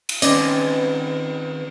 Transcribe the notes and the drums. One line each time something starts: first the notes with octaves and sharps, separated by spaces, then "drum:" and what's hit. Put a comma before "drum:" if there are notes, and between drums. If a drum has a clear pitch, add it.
drum: cymbal
D#3 C4 C#4 B4 D5 D#5, drum: hi-hat